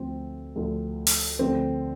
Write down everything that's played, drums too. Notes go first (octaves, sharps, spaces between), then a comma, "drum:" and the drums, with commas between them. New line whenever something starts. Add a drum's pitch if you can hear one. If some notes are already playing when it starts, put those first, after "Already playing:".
Already playing: D2 D3 F3 C4
D2 D3 F3
drum: open hi-hat
D2 D3 F3 C4